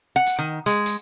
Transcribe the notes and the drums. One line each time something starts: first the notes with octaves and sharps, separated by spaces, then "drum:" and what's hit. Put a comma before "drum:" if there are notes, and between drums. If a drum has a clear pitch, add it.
F#5
drum: tambourine
D#3
G#3, drum: tambourine
drum: tambourine